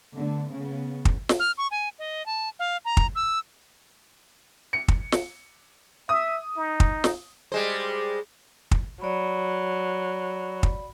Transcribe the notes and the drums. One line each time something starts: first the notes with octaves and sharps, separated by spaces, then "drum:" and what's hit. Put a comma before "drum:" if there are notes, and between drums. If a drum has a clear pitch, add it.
D3 A3 B3
C#3 B3
drum: kick
drum: snare
F6
C#6
G#5
D#5
A5
F5
A#5
drum: kick
E6
C#7
drum: kick
drum: snare
E5 D#6
D#4
drum: kick
drum: snare
G3 G#3 C5
drum: kick
F#3 D5 B5
drum: kick